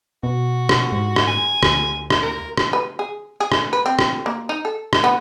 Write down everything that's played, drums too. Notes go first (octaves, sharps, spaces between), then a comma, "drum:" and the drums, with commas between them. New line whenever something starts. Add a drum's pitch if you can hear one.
B2 F#4
drum: rim click
G#2
drum: rim click
G#5
D2, drum: rim click
drum: rim click
A#4
drum: rim click
B4
G#4
G#4
drum: rim click
B4
C4
drum: rim click
A#3
D#4
A4
drum: rim click
B3